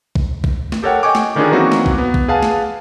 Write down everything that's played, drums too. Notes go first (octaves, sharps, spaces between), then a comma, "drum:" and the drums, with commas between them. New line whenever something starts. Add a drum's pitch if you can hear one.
drum: kick A#1
drum: kick A#1
drum: snare
G4 A4 A#4 C#5 F#5 G5
D#5 G5 G#5 C#6 D6
drum: snare
D3 D#3 C#4 D4 F4 G#4
E3 F#3 A#3 C4 D#4 F#4
drum: snare
drum: kick A#1
B3
drum: kick A#1
G#4 B4 F5 F#5 G#5 A5
drum: snare